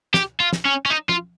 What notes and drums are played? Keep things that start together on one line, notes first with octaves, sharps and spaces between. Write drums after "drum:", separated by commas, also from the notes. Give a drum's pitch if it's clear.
G4, drum: snare
F4
drum: snare
C#4
C#4
D#4
F4, drum: tom F3